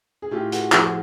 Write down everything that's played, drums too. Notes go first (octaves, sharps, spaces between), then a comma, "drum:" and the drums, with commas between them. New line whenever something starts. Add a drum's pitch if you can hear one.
G#4
A2 F4 G4
F#4 G#4, drum: hi-hat
F3 F#4 G#4, drum: clap
G#4